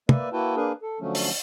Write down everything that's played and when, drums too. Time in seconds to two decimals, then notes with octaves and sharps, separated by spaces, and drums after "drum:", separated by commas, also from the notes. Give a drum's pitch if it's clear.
0.09 A#3 B4 D5 E5, drum: tom
0.33 A#3 E4 F#4 B4 G5 A5
0.56 A#3 D4 G#4 A#4 B4
0.82 A4
1.00 D3 F3 F#3 A3 C#4
1.15 drum: open hi-hat